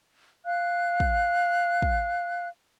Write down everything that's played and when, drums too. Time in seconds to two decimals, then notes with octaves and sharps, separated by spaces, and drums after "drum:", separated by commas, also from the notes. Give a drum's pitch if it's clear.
0.45 F5 F#6
1.00 drum: kick
1.82 drum: kick